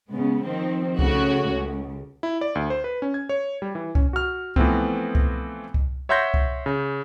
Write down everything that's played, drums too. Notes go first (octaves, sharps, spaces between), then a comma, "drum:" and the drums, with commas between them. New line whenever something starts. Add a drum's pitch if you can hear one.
C#3 G#3 B3
D#3 F3 C4
C#3 A3 C#4 F#4 C#5, drum: kick C2
C#2
E4
D5
D2
C5
B4
C#4
G#6
C#5
G3
E3
C#4, drum: kick C2
F#4 F6
E3 F3 A3 B3 C4, drum: kick C2
drum: kick C2
drum: kick C2
C#5 E5 F#5 C6 G6 A#6
drum: kick C2
C#3